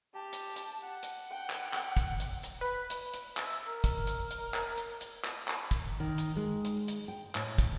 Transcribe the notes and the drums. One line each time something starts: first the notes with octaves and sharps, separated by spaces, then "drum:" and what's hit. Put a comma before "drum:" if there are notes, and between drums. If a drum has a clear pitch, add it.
G4 A5
drum: hi-hat
drum: hi-hat
F#5
drum: hi-hat
G5
drum: clap
drum: clap
drum: kick, hi-hat
drum: hi-hat
drum: hi-hat
B4
drum: hi-hat
drum: hi-hat
drum: clap
E5
A#4
drum: kick, hi-hat
drum: hi-hat
drum: hi-hat
drum: clap
drum: hi-hat
drum: hi-hat
drum: clap
drum: clap
drum: kick, hi-hat
D#3
drum: hi-hat
G#3
drum: hi-hat
drum: hi-hat
G5
A2, drum: clap
drum: kick, hi-hat